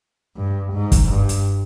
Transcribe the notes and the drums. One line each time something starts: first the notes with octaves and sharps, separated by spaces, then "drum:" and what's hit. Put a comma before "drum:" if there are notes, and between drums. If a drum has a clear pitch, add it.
G2
G#2
drum: kick, hi-hat
G2
drum: hi-hat